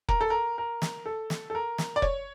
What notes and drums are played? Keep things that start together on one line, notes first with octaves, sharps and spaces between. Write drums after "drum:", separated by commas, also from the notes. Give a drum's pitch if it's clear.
A#4, drum: kick F1
A4
A#4
A#4
drum: snare
A4
drum: snare
A4
A#4
drum: snare
D5
C#5, drum: kick F1